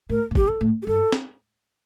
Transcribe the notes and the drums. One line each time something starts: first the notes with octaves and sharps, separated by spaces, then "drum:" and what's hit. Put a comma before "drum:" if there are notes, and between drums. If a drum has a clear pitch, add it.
A2 A#4
A2
G2 G4, drum: kick
A4
A2
G4
G2 A4
drum: snare